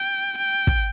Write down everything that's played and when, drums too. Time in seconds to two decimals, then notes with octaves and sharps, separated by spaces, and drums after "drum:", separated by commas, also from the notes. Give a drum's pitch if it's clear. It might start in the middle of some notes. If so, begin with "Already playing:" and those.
Already playing: G5
0.37 G5
0.67 drum: kick